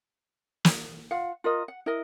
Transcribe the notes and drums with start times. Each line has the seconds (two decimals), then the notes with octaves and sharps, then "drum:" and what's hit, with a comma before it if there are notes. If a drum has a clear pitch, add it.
0.65 drum: snare
1.11 F4 F5 F#5
1.44 F4 A#4 D#5
1.68 F#5
1.86 E4 A#4 D#5